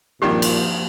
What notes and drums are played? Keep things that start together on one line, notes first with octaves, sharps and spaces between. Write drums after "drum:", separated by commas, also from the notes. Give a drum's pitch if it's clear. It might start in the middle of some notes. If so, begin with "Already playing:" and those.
G#1 G2 A#2 D#3 F3 A#3 G4
drum: cymbal